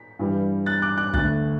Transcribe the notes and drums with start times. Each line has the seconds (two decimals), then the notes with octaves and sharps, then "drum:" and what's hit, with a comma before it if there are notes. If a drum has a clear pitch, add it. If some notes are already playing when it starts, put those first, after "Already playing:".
Already playing: B6
0.19 G2 E3 G3
0.66 F#6 A6
0.82 D6 F#6
0.98 D6 F#6
1.13 D2 D3 A3 F#6 A6, drum: kick